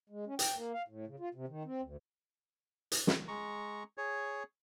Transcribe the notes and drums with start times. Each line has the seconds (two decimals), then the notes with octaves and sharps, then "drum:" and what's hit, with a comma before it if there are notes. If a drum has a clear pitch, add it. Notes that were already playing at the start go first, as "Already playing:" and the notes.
0.10 G#3
0.27 C#4
0.39 G5, drum: hi-hat
0.55 A#3
0.73 F5
0.88 A2
1.07 C#3
1.20 F4
1.35 C3
1.48 D#3
1.65 C4
1.82 D2
2.92 drum: hi-hat
3.07 drum: snare
3.28 G#3 A#5 C#6
3.98 G#4 C#5